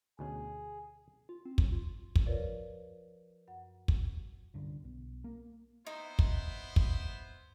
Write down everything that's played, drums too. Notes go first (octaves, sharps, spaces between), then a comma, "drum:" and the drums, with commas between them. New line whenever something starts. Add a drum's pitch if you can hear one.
D2 B2 C#4 G#4
F4
C4
F#3, drum: kick
F4
drum: kick
F3 F4 A#4 B4 C#5 D5
F#2 F#5
drum: kick
C2 G2 D3
B1
A#3
B3 D#4 E4 C5
drum: kick
drum: kick